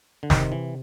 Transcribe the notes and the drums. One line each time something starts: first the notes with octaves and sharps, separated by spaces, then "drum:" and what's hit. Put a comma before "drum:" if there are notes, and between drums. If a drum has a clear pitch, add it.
D3
C3 D#3, drum: snare
E3